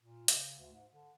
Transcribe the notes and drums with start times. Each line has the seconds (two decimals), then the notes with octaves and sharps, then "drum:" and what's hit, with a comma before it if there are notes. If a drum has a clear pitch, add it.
0.01 A#2
0.28 C#3, drum: hi-hat
0.58 D2
0.72 G#2
0.91 D3